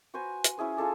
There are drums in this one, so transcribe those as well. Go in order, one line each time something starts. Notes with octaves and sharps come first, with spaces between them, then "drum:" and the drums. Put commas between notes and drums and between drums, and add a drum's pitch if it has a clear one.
F#4 B4 C5 G#5
drum: hi-hat
C#4 E4 G#4 C5
F4 G#4 A4 D5